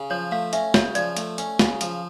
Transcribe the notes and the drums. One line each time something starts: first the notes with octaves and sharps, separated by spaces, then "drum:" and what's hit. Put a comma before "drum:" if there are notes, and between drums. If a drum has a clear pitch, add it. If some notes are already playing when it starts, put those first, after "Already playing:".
Already playing: C#3
F3 C#5
A3 F5
C#4 E5, drum: hi-hat
C#3 C#5, drum: snare
F3 D5, drum: hi-hat
A3, drum: hi-hat
C#4, drum: hi-hat
C#3, drum: snare
F3, drum: hi-hat